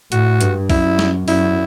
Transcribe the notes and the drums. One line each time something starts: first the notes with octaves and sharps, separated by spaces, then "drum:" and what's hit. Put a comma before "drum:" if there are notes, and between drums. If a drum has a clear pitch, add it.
A2 F#4, drum: hi-hat
G2, drum: hi-hat
F#2 E4, drum: kick B1, open hi-hat
drum: snare
F#2 E4, drum: open hi-hat